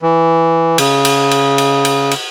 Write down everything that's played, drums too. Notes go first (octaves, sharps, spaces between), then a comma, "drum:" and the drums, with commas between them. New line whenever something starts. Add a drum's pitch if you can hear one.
E3
C#3, drum: cymbal
drum: cymbal
drum: cymbal
drum: cymbal
drum: cymbal
drum: cymbal